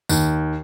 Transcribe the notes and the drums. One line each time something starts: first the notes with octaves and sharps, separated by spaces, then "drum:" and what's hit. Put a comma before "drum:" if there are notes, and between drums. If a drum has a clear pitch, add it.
D#2, drum: tambourine